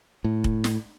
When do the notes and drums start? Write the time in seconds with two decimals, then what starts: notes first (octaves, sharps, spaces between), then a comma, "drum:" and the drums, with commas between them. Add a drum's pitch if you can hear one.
0.24 A2
0.44 drum: kick
0.64 drum: snare